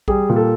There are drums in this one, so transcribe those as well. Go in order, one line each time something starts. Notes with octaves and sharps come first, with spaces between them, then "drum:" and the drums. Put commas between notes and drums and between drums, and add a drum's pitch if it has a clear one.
G3 G#4, drum: kick A#1
A#2
A4